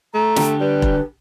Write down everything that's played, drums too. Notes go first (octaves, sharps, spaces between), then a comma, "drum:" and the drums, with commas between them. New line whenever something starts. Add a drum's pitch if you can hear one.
A3 A#5
D3 G4, drum: snare
G3 B4
drum: kick E1